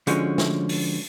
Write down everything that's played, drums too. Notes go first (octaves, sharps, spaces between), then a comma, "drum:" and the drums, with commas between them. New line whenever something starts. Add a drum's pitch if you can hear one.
D3 F3 G#3 C#4 F#4, drum: hi-hat
drum: snare
drum: open hi-hat